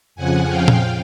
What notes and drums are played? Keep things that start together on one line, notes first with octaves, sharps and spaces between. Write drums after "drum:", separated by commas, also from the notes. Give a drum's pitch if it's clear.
F2 C#3 F3 F#5 G#5
F5 G5
drum: tom A#2